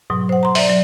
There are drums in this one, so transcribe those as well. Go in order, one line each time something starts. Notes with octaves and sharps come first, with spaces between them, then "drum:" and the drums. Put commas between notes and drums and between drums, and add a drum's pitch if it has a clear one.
G#2 B2 F#3
C5 F#5
A#5 C6
D5 E5, drum: open hi-hat
F#3